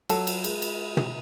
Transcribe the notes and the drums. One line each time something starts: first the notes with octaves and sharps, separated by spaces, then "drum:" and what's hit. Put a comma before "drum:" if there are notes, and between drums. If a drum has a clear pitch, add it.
F#3 A4, drum: cymbal
drum: cymbal
G#3, drum: cymbal
drum: cymbal
drum: tom